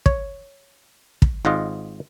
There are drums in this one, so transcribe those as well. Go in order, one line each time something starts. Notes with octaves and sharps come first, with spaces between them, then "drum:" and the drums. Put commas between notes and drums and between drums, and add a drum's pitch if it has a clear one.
C#5, drum: kick
drum: kick
G#1 G#2 F4 D#5